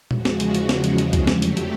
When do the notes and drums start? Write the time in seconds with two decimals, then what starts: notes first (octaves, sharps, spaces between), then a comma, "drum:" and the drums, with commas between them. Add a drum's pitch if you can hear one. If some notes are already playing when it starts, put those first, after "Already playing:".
0.11 E2 C#3 F3 G#3 F#4, drum: tom A#2
0.25 drum: snare
0.40 drum: hi-hat
0.55 drum: hi-hat
0.69 drum: snare
0.84 drum: hi-hat
0.98 drum: hi-hat
1.13 drum: kick C#2, hi-hat
1.27 F2 D3 F#3 A3 G4, drum: snare
1.42 drum: hi-hat
1.57 drum: hi-hat